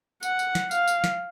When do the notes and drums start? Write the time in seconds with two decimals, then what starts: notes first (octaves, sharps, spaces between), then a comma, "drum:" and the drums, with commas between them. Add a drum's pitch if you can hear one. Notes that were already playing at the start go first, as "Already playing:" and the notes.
0.23 F#5, drum: tambourine
0.39 drum: tambourine
0.55 drum: snare
0.71 F5, drum: tambourine
0.88 drum: tambourine
1.04 drum: snare